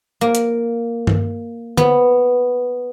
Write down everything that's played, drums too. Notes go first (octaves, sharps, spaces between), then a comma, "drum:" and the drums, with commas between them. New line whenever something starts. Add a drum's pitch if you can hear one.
A#3
drum: hi-hat
drum: tom G2
B3, drum: tom D3